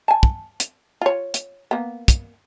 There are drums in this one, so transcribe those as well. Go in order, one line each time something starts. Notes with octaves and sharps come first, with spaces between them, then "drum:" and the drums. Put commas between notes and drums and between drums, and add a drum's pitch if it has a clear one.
G#5 A5
drum: kick
drum: hi-hat
F4 C#5
drum: hi-hat
A#3 B3
drum: kick, hi-hat